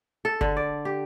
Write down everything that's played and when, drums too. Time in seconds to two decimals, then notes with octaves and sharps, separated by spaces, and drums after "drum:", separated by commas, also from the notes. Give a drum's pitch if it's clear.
0.25 A4
0.41 D3, drum: kick F#1
0.57 D5
0.85 G4